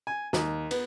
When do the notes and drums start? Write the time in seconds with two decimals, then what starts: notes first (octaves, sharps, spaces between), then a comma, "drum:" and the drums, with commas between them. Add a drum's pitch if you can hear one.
0.07 G#5
0.33 D#2, drum: snare
0.71 B3, drum: cymbal